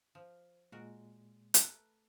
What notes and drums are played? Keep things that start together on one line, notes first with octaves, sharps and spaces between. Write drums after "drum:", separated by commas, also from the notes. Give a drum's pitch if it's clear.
F3
A#2 G#3 F#4 A#4
A3 A#4 B4, drum: hi-hat